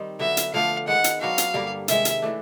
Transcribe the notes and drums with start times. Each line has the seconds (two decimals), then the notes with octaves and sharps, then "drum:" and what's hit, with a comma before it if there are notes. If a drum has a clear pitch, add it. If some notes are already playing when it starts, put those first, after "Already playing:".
Already playing: D#3 G3 C4 D#4
0.19 D3 F#3 B3 E5
0.37 drum: hi-hat
0.54 D3 F3 A3 D4 F5
0.87 D#3 G#3 B3 F#5
1.04 drum: hi-hat
1.21 F#3 B3 D4 F#4 F5
1.38 drum: hi-hat
1.54 G2 D3 G3 A#3
1.88 C3 D#3 G#3 E5, drum: hi-hat
2.05 drum: hi-hat
2.22 E3 A3 D4